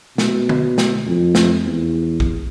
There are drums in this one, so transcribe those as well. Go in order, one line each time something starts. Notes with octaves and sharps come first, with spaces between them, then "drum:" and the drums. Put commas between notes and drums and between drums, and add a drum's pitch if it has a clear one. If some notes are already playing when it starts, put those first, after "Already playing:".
B2, drum: snare
drum: tom D3
drum: snare
F2
drum: snare
E2
drum: kick